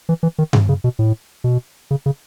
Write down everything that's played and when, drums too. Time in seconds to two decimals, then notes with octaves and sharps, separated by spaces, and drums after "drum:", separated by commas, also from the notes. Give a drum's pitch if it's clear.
0.09 E3
0.23 E3
0.38 D#3
0.53 C#3, drum: tom G2
0.69 C#3
0.84 B2
0.99 A2
1.44 B2
1.91 C#3
2.06 C#3